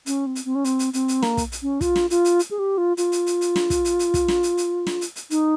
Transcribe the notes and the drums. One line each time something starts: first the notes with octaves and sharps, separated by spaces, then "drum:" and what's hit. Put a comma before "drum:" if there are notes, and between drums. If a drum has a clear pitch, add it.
C#4, drum: hi-hat
C4
drum: hi-hat
C4
C#4
C4, drum: hi-hat
drum: hi-hat
C4, drum: hi-hat
drum: hi-hat
A#3, drum: snare
drum: kick, hi-hat
drum: hi-hat
C#4
F4, drum: kick, hi-hat
drum: snare
F4, drum: hi-hat
drum: hi-hat
drum: hi-hat
G#4
G4
F4
F4, drum: hi-hat
drum: hi-hat
drum: hi-hat
drum: hi-hat
drum: snare
drum: kick, hi-hat
drum: hi-hat
drum: hi-hat
drum: kick, hi-hat
drum: snare
drum: hi-hat
drum: hi-hat
drum: snare
drum: hi-hat
drum: hi-hat
D#4, drum: hi-hat